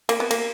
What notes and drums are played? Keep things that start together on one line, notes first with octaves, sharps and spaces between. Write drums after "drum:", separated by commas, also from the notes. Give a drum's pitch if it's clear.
A#3, drum: cymbal
B3
A#3, drum: cymbal